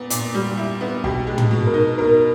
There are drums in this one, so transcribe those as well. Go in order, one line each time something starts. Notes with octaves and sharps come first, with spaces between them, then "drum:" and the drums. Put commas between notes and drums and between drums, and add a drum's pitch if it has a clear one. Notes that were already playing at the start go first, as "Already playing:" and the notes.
Already playing: A#2 B3
A#2, drum: hi-hat
G3
E4
B3
B2 G4, drum: kick
G#3
drum: tom
B2
A#4
D#4
B2 A#4